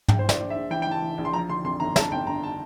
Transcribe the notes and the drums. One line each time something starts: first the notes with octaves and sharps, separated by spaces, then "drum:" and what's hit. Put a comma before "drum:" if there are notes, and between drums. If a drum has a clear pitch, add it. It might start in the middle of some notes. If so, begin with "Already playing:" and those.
A#1 G5, drum: tom
A#1 C5
D5, drum: snare
A#1
E5
A#1
E3 G5
G5
E3 A5
E3
A#1
C6
F3 A#5
D3 C6
F2 C6
G1 A#5
F2 A5, drum: snare
G1 G5
D3 A#5
A5